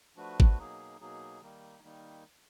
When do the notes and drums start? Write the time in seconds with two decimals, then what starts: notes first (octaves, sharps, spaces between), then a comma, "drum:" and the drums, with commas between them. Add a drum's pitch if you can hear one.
0.16 F3 A3 D4 F#4 B4
0.40 drum: kick
0.58 B2 F#3 A#3 D#4 G#4
1.00 B2 F#3 A#3 D#4 G#4
1.41 D#3 G3 A#3 D#4
1.83 D#3 G3 A#3 D#4